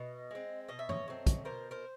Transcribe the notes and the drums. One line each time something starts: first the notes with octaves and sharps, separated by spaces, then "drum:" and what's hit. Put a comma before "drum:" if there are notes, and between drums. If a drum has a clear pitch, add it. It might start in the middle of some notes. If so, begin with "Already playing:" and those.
Already playing: B2 D#5
G#3 C4
B2 D#5
E5
C#5 D#5, drum: tom G2
F#3 A3 C4
drum: kick, hi-hat
B2 A#4 C5
A#4 C5